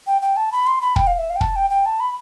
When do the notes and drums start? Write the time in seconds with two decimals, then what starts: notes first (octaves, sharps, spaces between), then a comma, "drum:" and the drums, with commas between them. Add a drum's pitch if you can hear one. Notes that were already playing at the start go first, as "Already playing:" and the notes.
0.07 G5
0.22 G5
0.37 A5
0.52 B5
0.67 C6
0.81 B5
0.96 G5, drum: kick
1.07 F5
1.18 E5
1.30 F5
1.36 G5
1.41 A5, drum: kick
1.56 G5
1.70 G5
1.86 A5
2.00 B5